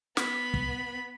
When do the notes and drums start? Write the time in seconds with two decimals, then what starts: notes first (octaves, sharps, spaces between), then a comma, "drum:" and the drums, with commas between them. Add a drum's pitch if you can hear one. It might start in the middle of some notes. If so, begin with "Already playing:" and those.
0.17 B3 B5, drum: snare
0.54 drum: kick